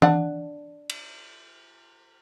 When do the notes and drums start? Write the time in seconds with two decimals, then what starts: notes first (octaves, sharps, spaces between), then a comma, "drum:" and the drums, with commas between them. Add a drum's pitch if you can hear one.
0.02 D4 F#5, drum: tom E3
0.90 drum: cymbal